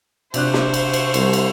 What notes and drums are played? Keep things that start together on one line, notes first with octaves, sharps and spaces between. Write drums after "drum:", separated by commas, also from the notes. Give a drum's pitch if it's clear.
C3 D4 C5 C#6 F#6, drum: cymbal
drum: snare
drum: cymbal
drum: cymbal
C2, drum: cymbal
drum: cymbal